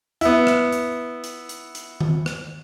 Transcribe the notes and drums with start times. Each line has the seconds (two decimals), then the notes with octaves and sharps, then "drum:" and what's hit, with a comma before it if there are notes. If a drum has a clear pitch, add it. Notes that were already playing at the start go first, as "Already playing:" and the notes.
0.21 B3 E4, drum: hi-hat
0.47 drum: rim click
0.72 drum: hi-hat
1.24 drum: hi-hat
1.49 drum: hi-hat
1.75 drum: hi-hat
2.01 drum: tom D#3
2.26 drum: rim click